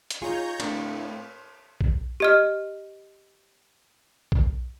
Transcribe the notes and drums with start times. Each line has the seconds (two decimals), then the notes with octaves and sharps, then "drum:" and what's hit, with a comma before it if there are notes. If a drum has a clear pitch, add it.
0.10 drum: hi-hat
0.22 D#4 F4 G#4 C#5 A#5 G6
0.60 A2 A3 A#3 C4 D4, drum: cymbal
1.81 drum: kick A#1
2.20 G4 D#5 F6
4.32 drum: kick A#1